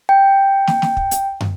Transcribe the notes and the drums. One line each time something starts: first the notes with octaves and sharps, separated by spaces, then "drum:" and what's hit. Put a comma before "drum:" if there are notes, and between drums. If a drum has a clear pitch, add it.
G5
drum: snare
drum: snare
drum: kick
drum: hi-hat
drum: tom